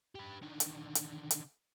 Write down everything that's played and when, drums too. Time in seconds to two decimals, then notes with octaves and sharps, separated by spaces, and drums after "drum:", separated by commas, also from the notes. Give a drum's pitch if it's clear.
0.15 G4 B4
0.42 D3 D#3
0.60 drum: hi-hat
0.95 drum: hi-hat
1.31 drum: hi-hat